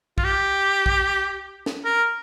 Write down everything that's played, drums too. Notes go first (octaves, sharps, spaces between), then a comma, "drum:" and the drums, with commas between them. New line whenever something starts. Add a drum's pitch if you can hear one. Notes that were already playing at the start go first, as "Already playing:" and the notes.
F4, drum: kick
G4
drum: kick
drum: snare
A#4